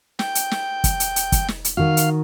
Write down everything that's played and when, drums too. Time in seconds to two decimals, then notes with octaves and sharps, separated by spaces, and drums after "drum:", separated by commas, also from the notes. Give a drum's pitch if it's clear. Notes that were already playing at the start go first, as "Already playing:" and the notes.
0.19 G5, drum: snare
0.35 drum: hi-hat
0.51 drum: snare
0.84 drum: kick, hi-hat
1.00 drum: hi-hat
1.16 drum: hi-hat
1.32 drum: kick, hi-hat
1.48 drum: snare
1.65 drum: hi-hat
1.77 D#3 F#4 F5
1.97 drum: hi-hat